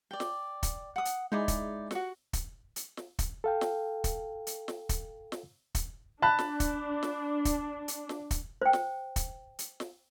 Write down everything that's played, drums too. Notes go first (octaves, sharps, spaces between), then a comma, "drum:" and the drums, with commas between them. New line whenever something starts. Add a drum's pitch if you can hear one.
D5 G5
drum: snare
drum: kick, hi-hat
F#5 D#6
drum: hi-hat
G#3 D#4 E4 D5
drum: kick, hi-hat
F#4 F#5, drum: snare
drum: kick, hi-hat
drum: hi-hat
drum: snare
drum: kick, hi-hat
A4 F5 G5
drum: snare
drum: kick, hi-hat
drum: hi-hat
drum: snare
drum: kick, hi-hat
drum: snare
drum: kick, hi-hat
D4 A5 B5 F#6
drum: snare
drum: kick, hi-hat
drum: snare
drum: kick, hi-hat
drum: hi-hat
drum: snare
drum: kick, hi-hat
C5 G5
drum: snare
drum: kick, hi-hat
drum: hi-hat
drum: snare